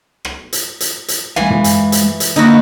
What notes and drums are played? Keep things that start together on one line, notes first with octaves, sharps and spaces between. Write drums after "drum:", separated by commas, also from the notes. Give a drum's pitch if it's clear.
drum: rim click
drum: hi-hat
drum: hi-hat
drum: hi-hat
E3 G#3 F5 G#5, drum: rim click
drum: tom
drum: hi-hat
drum: hi-hat
drum: hi-hat
D3 A#3 D#4 E4 F#4